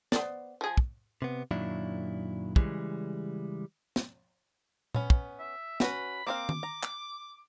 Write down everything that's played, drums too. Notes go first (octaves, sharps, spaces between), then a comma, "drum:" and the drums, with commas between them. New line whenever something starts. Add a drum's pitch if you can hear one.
B3 C5 D5, drum: snare
F3 G#4
drum: kick
C3 B3
F#2 A#2 D#3 F#3 D4 E4
C#3 E3 G3 G#3, drum: kick
drum: snare
B3 C#4, drum: tom A#2
drum: kick
E5
C#4 F#4 B4 B5, drum: snare
A#3 C4 F5 D6
drum: tom D#3
A#5
drum: clap